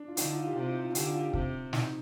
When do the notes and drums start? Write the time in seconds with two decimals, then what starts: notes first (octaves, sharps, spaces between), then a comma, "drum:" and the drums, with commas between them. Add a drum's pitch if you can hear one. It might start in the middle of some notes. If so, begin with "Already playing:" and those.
Already playing: D4
0.08 F4
0.17 D3 D#4, drum: hi-hat
0.26 F4
0.37 F4
0.46 G4
0.56 C3 F4
0.69 D#4
0.82 F4
0.95 D3 G4, drum: hi-hat
1.07 F4
1.21 G4
1.33 C3, drum: kick
1.73 D#4, drum: snare